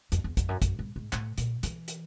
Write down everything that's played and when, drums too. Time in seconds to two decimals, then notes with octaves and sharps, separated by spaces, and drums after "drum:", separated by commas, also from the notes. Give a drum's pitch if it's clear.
0.12 F2, drum: hi-hat
0.24 E2
0.37 F2, drum: kick, hi-hat
0.49 F#2
0.62 F#2, drum: kick, hi-hat
0.79 G2
0.96 G#2
1.13 A2, drum: clap
1.38 A#2, drum: hi-hat
1.63 E3, drum: hi-hat
1.88 drum: hi-hat